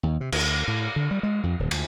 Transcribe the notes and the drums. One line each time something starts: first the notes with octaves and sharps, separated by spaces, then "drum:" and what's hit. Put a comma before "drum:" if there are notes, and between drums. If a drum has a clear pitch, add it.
D#2
C3
D2, drum: cymbal
A2
D3
G3
G#3
F2
D1
D2, drum: cymbal